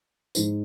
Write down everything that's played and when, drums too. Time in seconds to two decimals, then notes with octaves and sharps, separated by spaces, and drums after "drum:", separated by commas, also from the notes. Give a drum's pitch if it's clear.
0.35 G#2 G#3 D#4 C5, drum: tambourine